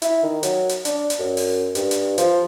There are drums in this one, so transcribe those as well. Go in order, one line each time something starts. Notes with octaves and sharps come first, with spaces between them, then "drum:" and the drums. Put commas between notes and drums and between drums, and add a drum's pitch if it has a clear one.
E4, drum: hi-hat
D#3
F#3, drum: hi-hat
drum: hi-hat
D4, drum: hi-hat
drum: hi-hat
F#2
drum: open hi-hat
G2, drum: hi-hat
drum: hi-hat
F3, drum: hi-hat